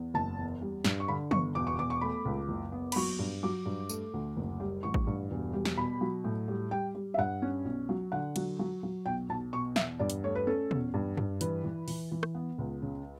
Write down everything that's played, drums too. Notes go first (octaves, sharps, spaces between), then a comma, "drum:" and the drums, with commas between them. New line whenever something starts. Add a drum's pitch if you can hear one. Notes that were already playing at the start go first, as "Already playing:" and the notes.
Already playing: E2
F#1 A5
E2
G3
G2, drum: snare
C#6
D3 B5
G1 C#6, drum: tom
E1 D6
C#6
E1 D6
C#6
A3 B5
C#2
F#1
B3
B5, drum: cymbal
F#3 C#6
G2
F#3 D6
G2
A3, drum: tambourine
D2
F#1
G3
A1 C#6
drum: kick A1
G2
E1
G3
drum: snare
B2 B5
F#3
A2
G3
G3 G5
G3
E5
G2 F#5
C#4
B1
F#3
D3 F#5
F#3, drum: cymbal
F#3
F#3
B1 G5
B1 A5
B2 C#6
E2 E5, drum: snare
G2 D5
drum: hi-hat
A3 C#5
B4
C#4 A4
E2, drum: tom
G2
G2, drum: tom
E3 B4, drum: hi-hat
E3
E3, drum: open hi-hat
E3
drum: rim click
B3
C#2
C#3